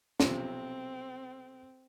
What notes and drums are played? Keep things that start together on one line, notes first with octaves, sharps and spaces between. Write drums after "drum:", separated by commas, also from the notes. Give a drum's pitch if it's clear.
B1 C3 F3 C4, drum: snare